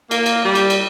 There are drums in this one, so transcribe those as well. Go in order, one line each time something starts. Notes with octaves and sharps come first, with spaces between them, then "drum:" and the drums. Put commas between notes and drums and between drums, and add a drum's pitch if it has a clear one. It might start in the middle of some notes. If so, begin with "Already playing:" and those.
A#3, drum: cymbal
drum: cymbal
G3
drum: cymbal
drum: cymbal